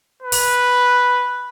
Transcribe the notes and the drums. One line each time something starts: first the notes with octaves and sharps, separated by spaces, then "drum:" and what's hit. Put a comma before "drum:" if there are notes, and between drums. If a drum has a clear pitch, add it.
B4
drum: open hi-hat